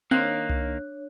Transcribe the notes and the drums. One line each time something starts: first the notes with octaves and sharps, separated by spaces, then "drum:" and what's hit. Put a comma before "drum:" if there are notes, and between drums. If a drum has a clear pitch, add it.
D#3 A#3 C4 D4 C#5 F#6
drum: tom C2